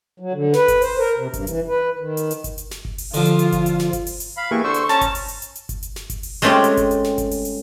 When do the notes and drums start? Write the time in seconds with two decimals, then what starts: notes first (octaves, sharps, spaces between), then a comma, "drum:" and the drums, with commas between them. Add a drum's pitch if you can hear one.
0.20 F#3
0.33 D3
0.53 B4, drum: snare
0.68 drum: kick G1, hi-hat
0.82 C5, drum: open hi-hat
0.99 A#4
1.18 C3
1.34 G2, drum: kick G1, hi-hat
1.47 E3, drum: hi-hat
1.68 B4
1.99 D#3
2.17 drum: hi-hat
2.31 drum: hi-hat
2.44 drum: kick G1, hi-hat
2.58 drum: hi-hat
2.71 drum: snare
2.85 drum: kick G1
2.98 drum: open hi-hat
3.14 D3 F3 F4, drum: hi-hat
3.25 drum: hi-hat
3.39 drum: hi-hat
3.52 drum: kick G1, hi-hat
3.66 drum: hi-hat
3.79 drum: snare
3.93 drum: kick G1, hi-hat
4.07 drum: open hi-hat
4.20 drum: hi-hat
4.37 F5 B5
4.51 E3 A#3 G4 G#4 C#6
4.64 D3 C5 C#6 E6
4.74 drum: hi-hat
4.89 C#4 A5 A#5, drum: snare
5.01 drum: kick G1, hi-hat
5.15 drum: open hi-hat
5.28 drum: hi-hat
5.42 drum: hi-hat
5.55 drum: hi-hat
5.69 drum: kick G1, hi-hat
5.83 drum: hi-hat
5.96 drum: snare
6.10 drum: kick G1, hi-hat
6.23 drum: open hi-hat
6.42 G#3 A3 C4 C#4 F4 G4
6.64 drum: hi-hat
6.77 drum: kick G1, hi-hat
6.91 drum: hi-hat
7.04 drum: snare
7.18 drum: kick G1, hi-hat
7.31 drum: open hi-hat
7.45 drum: hi-hat